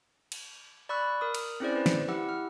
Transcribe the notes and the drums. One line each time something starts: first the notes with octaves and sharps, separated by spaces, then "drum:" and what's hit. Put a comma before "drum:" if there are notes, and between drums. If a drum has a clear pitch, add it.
drum: cymbal
D5 B5 C#6 E6 F#6
A#4 D#6
drum: cymbal
C4 C#4 E4 G#4 C5 D5
B4
drum: snare
E4 G4 F#5 E6
F6